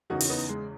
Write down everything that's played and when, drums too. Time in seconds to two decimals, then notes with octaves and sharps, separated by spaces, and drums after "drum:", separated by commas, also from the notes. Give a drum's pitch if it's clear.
0.10 E2 C#3 E3 D#4 F#4
0.21 C#4, drum: open hi-hat
0.29 B3 D#4
0.49 G#3